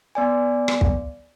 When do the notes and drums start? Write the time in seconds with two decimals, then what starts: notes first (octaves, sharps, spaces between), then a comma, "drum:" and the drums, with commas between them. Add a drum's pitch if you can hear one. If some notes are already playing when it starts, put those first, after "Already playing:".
0.15 B3 D5 G#5
0.68 drum: rim click
0.81 drum: kick